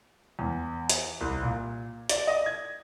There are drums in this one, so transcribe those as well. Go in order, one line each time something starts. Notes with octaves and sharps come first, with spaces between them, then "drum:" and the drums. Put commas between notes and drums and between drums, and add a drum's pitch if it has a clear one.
E2
drum: hi-hat
C2
A#2
D5, drum: hi-hat
D#5
G#6